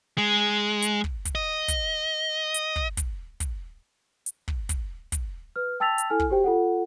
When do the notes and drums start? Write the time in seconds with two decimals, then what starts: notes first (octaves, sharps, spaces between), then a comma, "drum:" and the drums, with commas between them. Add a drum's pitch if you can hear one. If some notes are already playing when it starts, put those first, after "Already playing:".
0.18 G#3
0.82 drum: hi-hat
1.04 drum: kick
1.25 drum: kick, hi-hat
1.35 D#5
1.68 drum: kick, hi-hat
2.54 drum: hi-hat
2.76 drum: kick
2.97 drum: kick, hi-hat
3.40 drum: kick, hi-hat
4.26 drum: hi-hat
4.48 drum: kick
4.69 drum: kick, hi-hat
5.12 drum: kick, hi-hat
5.56 B4 F6
5.80 G5 A5 E6 A6 B6 F7
5.98 drum: hi-hat
6.10 E4 A4 G#5 F6
6.20 drum: kick
6.30 F#4 G4 C5 G5
6.44 F4 A4 F#5